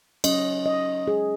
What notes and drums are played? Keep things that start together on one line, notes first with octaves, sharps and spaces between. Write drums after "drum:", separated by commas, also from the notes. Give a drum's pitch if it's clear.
F#3 C#4 D#5, drum: cymbal
D#5
G#4